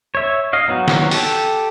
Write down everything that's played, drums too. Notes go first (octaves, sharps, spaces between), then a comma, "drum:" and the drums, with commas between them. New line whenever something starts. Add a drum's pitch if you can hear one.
C#5 E5
D#5 F5
F#3 B3 D#4 F#4
drum: snare
G4 A4, drum: open hi-hat